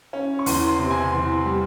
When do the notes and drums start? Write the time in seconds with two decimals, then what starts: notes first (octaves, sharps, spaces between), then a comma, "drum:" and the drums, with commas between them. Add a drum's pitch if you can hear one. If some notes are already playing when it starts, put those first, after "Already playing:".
0.13 C#4
0.39 C#6
0.46 E2 C6, drum: open hi-hat
0.68 C6
0.79 C3
0.91 G#5
1.12 E2 C6
1.45 G3